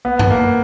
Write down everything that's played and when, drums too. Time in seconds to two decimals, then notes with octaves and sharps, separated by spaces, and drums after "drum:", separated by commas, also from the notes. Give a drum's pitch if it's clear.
0.05 B3
0.19 drum: tom F#2
0.31 A#3